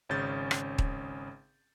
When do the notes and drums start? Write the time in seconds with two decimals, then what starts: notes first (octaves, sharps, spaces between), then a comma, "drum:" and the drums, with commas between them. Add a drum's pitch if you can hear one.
0.09 G#1 C#3 C#4 G#4 G6 A6
0.51 drum: rim click
0.78 drum: kick D#1